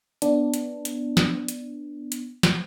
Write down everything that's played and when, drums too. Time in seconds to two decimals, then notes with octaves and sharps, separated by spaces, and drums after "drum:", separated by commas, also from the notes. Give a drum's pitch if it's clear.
0.22 B3 D4, drum: hi-hat
0.54 drum: hi-hat
0.85 drum: hi-hat
1.17 drum: snare
1.48 drum: hi-hat
2.12 drum: hi-hat
2.43 drum: snare